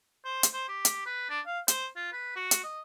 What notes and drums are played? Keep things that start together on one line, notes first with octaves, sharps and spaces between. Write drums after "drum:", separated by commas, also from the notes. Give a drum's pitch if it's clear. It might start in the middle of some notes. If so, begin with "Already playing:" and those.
C5
drum: hi-hat
C5
G4
drum: hi-hat
B4
D4
F5
C5, drum: hi-hat
F4
B4
F#4
drum: hi-hat
D#5